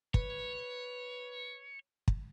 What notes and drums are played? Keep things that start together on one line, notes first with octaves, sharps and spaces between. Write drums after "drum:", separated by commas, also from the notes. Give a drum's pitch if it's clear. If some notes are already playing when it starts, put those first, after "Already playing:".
B4 C#5, drum: kick
drum: kick